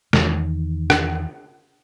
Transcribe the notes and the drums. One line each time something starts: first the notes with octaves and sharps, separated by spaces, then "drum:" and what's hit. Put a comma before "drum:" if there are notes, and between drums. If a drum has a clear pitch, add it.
E2 D#3, drum: snare
drum: rim click